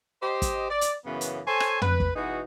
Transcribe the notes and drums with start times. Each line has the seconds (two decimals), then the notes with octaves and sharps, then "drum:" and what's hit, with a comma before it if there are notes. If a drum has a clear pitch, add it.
0.22 G4 C5 D#5
0.42 drum: kick, hi-hat
0.70 D5
0.81 drum: hi-hat
1.05 F#2 C#3 E3 B3
1.21 drum: hi-hat
1.47 A4 C5 C#5 G#5
1.60 drum: rim click
1.81 B4, drum: tom
2.00 drum: kick
2.15 B2 E3 B3 D#4 F#4 G#4